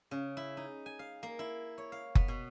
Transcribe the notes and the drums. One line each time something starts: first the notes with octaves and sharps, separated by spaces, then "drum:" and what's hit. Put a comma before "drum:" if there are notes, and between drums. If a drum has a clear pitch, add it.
C#3
E4
D#4
G#5
F5
A#3
E4
C#5
F5
B3, drum: kick F#1
B2